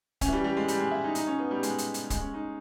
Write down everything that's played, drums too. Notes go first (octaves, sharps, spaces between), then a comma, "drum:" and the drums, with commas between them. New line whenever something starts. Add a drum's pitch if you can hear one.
C#4, drum: kick C#1, hi-hat
E3
G3
G3
G#3
G3, drum: hi-hat
G#3
E4
D#4
D#4, drum: hi-hat
C#4
B3
G3
G#3, drum: hi-hat
drum: hi-hat
drum: hi-hat
G#3, drum: kick C#1, hi-hat
C#4
D#4